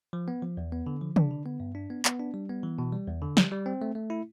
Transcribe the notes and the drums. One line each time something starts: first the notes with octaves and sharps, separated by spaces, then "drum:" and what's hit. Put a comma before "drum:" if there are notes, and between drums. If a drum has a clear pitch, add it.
F3
B3
F3
E2
B3
D3
F3
D4, drum: tom
D3
B3
G2
D4
B3
B3, drum: clap
D4
G3
B3
E3
B2
G3
E2
D3
G3, drum: snare
G3
C4
A3
A3
E4